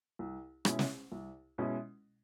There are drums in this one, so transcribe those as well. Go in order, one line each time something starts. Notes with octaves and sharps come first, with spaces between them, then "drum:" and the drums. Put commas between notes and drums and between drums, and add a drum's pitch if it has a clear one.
C2
B2 G#3 C#4 E4, drum: rim click
drum: snare
C2
B2 G#3 C#4 E4